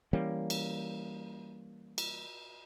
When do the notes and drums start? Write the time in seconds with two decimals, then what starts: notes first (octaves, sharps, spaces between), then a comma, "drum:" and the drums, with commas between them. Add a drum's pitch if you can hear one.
0.13 E3 G3 A#3 C#4
0.50 drum: cymbal
1.98 drum: cymbal